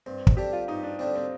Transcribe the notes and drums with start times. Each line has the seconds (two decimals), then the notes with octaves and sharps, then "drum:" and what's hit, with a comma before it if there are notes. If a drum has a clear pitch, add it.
0.06 G2 C4
0.27 drum: kick
0.37 D3 G3 D4 G4
0.53 F4
0.68 G2 D#4
0.83 D4
0.99 D3 G3 C4 D4
1.16 C4